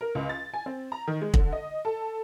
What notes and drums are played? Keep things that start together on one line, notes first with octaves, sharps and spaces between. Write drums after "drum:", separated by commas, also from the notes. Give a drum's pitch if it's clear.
A#4
C#2
A6
G#5
C4
A#5
D#3
G#3
D3, drum: kick
D#5
A4